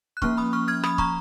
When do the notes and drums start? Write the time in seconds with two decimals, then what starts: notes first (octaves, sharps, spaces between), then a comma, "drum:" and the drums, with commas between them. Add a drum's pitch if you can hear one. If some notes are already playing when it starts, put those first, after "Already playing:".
0.17 F#6
0.22 F3 A#3 C#4 C#6 F6, drum: kick
0.37 B5 D#6
0.53 C#6 F6
0.68 F6 G#6
0.83 B5 D#6, drum: rim click
0.98 A#5 C#6, drum: kick